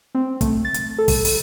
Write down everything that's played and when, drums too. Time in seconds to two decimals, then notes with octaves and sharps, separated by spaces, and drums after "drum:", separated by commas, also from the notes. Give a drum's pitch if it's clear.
0.15 C4
0.41 A3, drum: kick, hi-hat
0.65 A6
0.74 drum: hi-hat
0.98 A4
1.08 drum: kick, open hi-hat
1.25 drum: open hi-hat